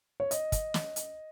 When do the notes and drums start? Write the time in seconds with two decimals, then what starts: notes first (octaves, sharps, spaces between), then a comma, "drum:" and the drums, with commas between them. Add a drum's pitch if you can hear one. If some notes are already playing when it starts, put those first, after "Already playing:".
0.20 C#5
0.31 D#5, drum: hi-hat
0.52 drum: kick, hi-hat
0.74 drum: snare
0.96 drum: hi-hat